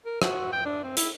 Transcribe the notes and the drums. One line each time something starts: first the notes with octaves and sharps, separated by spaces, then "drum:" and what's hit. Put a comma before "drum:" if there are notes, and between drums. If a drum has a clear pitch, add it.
A#4
F#4, drum: rim click
G5
D4
C4
E4, drum: hi-hat